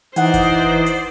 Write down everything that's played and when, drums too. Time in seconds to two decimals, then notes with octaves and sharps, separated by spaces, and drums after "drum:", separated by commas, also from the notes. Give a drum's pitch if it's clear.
0.16 E3 D#4 C5 D5 F#5 G#5, drum: hi-hat
0.34 drum: kick F#1, hi-hat
0.86 drum: hi-hat